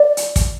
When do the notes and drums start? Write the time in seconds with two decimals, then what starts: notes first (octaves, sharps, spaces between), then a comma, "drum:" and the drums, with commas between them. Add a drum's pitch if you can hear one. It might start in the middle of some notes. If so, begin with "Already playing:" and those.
Already playing: D5
0.17 drum: hi-hat
0.36 drum: kick, hi-hat